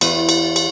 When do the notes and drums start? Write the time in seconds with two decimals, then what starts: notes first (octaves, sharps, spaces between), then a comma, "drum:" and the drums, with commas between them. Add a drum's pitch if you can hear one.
0.01 E2, drum: cymbal
0.29 drum: cymbal
0.56 drum: cymbal